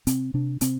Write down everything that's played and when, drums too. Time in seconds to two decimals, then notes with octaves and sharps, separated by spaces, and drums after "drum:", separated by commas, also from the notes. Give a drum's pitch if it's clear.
0.07 C3 C4, drum: hi-hat
0.34 C3 D4
0.61 C3 C4, drum: hi-hat